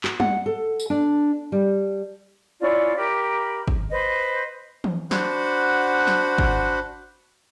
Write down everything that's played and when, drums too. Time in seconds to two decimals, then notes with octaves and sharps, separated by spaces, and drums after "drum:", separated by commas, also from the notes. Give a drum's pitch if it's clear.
0.04 F#4, drum: clap
0.20 F#5, drum: tom G3
0.46 A4
0.80 drum: tambourine
0.90 D4
1.52 G3
2.59 C#4 E4 F4 D5
2.95 G4 A#4 E5 B5
3.68 drum: kick G#1
3.89 B4 C5 D#5
4.84 drum: tom E3
5.11 D4 F#4 C5 F#5 B5, drum: snare
6.07 drum: snare
6.38 drum: kick G#1